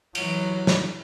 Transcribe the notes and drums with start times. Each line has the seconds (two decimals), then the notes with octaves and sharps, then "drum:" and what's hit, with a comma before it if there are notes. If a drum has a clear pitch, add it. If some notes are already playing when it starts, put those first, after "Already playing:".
0.15 E3 F#3, drum: cymbal
0.67 drum: snare